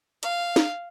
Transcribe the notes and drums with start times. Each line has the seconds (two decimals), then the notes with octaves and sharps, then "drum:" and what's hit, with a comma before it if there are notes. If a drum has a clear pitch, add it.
0.23 F5, drum: hi-hat
0.56 drum: snare